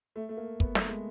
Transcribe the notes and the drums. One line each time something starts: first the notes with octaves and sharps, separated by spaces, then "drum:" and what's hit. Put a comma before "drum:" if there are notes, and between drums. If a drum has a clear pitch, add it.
A3
A3
A#3
B3, drum: kick
A3, drum: snare
G#3